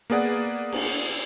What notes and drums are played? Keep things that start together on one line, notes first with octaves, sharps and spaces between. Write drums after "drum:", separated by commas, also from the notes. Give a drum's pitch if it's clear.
A#3 B3 G#4 D5 F#5
drum: cymbal